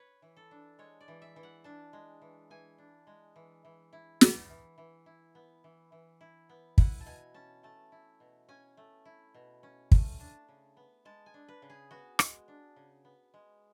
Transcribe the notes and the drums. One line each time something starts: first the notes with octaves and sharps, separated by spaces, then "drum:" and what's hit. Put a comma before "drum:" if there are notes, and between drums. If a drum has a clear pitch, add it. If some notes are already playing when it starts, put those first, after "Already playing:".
Already playing: B4 C#5
E3
A4
D4
G#3 C#5
D5
E3
E5
E3
F#5
D4 A5
G#3
E3
E3 G#5
D4
G#3
E3
E3
E4
B3, drum: snare
E3
E3
E4
B3
E3
E3
E4
B3
E4 F#5, drum: kick
A5
B2 G#5
C#4 A5
A3 A5
E4
B2
C#4 G#5
A3
E4
B2
C#4
A3, drum: kick
D4 A5
C#3
B3
G#3 A5
G#5
D4
B4
C#3
G#4
B3 F#4
G#3, drum: rim click
D4
C#3
B3
G#3